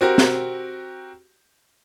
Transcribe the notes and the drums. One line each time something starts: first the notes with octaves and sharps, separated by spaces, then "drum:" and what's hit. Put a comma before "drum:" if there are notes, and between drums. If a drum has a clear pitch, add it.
C4 F#4 G4 A#4
drum: snare